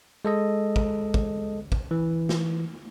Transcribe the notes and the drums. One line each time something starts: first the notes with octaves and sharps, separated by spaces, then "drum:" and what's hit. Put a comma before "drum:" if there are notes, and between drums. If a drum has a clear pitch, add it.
G#3 A4 D#5
drum: kick
drum: kick
drum: kick
E3
drum: snare